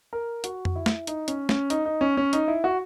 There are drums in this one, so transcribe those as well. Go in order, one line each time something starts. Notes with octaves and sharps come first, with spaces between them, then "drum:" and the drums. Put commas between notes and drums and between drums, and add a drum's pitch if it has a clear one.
A#4
F#4, drum: hi-hat
drum: tom F2
E4
drum: snare
D#4, drum: hi-hat
C#4, drum: hi-hat
C#4, drum: snare
D#4, drum: hi-hat
D#4
C#4
C#4
D#4, drum: hi-hat
E4
F#4